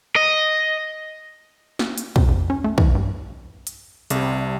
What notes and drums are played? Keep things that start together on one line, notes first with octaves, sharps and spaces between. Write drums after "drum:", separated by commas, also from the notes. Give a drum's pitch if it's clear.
D#5
drum: snare
drum: hi-hat
C3, drum: kick
F2
C#4
A3
E3, drum: kick
G2
drum: hi-hat
C2 C3 G3, drum: hi-hat